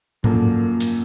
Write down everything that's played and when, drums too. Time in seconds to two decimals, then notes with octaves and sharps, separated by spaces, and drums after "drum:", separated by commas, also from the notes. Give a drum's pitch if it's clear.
0.24 F#2 D3 F3 A#3, drum: tom G#2
0.80 drum: hi-hat